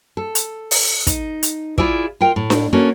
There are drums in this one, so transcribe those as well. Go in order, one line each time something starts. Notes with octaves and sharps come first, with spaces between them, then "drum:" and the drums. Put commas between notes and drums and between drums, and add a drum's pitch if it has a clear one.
A4
drum: hi-hat
drum: open hi-hat
D#4, drum: kick, hi-hat
drum: hi-hat
E4 F4 G#4 D5 E5, drum: kick
F4 A#4 G5
A2
drum: snare D4
A#3 C#4 F#4 A4